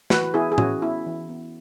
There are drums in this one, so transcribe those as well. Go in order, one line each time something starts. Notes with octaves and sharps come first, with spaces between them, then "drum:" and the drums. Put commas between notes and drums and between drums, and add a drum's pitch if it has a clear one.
E3 F#4 B4, drum: snare
B3 E4 G#4
G#4
E3 C#4 F#4, drum: tom A2
B3 E4
E3
B3